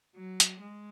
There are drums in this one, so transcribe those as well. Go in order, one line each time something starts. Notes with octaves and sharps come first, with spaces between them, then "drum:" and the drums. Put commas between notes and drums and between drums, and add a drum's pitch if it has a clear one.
F#3
drum: hi-hat
G#3